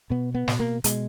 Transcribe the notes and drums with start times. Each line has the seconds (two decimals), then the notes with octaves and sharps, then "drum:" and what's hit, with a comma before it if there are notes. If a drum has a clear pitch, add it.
0.10 B2 B3
0.35 B3
0.48 B2, drum: snare
0.59 A#3
0.84 B2 G#3, drum: hi-hat